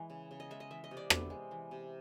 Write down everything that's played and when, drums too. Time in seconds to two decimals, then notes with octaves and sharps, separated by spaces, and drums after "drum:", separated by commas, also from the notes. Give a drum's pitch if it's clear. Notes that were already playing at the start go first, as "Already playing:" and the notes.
Already playing: E3 G#3
0.10 C#3
0.31 C#3
0.40 D#5
0.51 G#3 E5
0.60 D#5
0.71 E3 E5
0.84 D#5
0.91 C3
0.97 D5
1.10 B3, drum: rim click
1.30 G#3
1.51 E3
1.71 C3